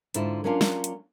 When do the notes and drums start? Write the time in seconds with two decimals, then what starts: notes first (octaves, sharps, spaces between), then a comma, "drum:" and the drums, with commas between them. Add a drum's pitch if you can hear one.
0.14 G#2 D3 E4 F4, drum: hi-hat
0.44 F#3 A#3 C#4 D4 F4
0.61 drum: snare
0.84 drum: hi-hat